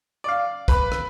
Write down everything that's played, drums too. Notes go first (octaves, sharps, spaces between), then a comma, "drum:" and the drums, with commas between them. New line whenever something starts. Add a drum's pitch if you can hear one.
D5 F5
B4 B5, drum: kick, hi-hat
drum: rim click